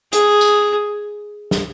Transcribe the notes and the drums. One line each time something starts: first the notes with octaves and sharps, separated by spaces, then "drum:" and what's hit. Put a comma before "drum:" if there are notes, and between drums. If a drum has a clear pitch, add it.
G#4, drum: hi-hat
drum: tambourine
drum: snare